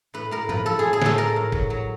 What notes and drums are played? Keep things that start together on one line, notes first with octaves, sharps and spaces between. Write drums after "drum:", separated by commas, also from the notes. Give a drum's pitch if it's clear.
A2 B4
A2 A#4
F3 B4, drum: tom G2
F3 A4
A2 G#4
G#4
A2 A4, drum: snare
A2 A#4
A2
F#3, drum: kick
F#3